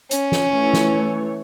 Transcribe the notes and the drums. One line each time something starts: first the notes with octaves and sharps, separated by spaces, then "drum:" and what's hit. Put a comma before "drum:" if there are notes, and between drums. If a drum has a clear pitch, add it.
C#4, drum: hi-hat
drum: snare
E3 A3 C#5
drum: snare